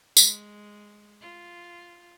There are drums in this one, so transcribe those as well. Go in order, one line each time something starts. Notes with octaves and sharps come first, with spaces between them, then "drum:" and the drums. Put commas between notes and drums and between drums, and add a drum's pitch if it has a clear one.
G#3, drum: tambourine
F4